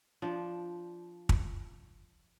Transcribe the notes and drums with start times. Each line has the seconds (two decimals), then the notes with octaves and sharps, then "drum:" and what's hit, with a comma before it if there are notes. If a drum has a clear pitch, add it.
0.22 F3 D4
1.29 drum: kick